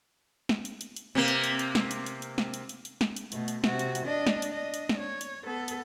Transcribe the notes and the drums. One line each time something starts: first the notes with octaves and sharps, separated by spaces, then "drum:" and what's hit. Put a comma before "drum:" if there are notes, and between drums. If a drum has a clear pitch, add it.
drum: snare
drum: hi-hat
drum: hi-hat
drum: hi-hat
C3 A#3
drum: hi-hat
drum: hi-hat
drum: hi-hat
drum: snare
drum: hi-hat
drum: hi-hat
drum: hi-hat
drum: snare
drum: hi-hat
drum: hi-hat
drum: hi-hat
drum: snare
drum: hi-hat
B2 A3, drum: hi-hat
drum: hi-hat
C3 F#4, drum: snare
drum: hi-hat
drum: hi-hat
D4 D#5
drum: snare
drum: hi-hat
D4 D#5
drum: hi-hat
drum: snare
C#5
drum: hi-hat
B3 A4
drum: hi-hat